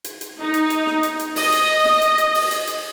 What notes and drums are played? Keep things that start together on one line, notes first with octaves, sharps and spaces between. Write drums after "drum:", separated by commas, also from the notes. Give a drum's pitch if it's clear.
drum: hi-hat
drum: hi-hat
D#4
drum: hi-hat
drum: hi-hat
drum: snare
drum: hi-hat
drum: hi-hat
D#5, drum: open hi-hat
drum: hi-hat
drum: snare
drum: hi-hat
drum: hi-hat
drum: open hi-hat
drum: hi-hat
drum: hi-hat